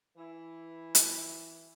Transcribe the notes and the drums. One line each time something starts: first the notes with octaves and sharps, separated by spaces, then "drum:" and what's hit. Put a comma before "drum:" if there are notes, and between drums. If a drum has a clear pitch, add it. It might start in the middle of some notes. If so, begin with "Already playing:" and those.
E3 E4
drum: hi-hat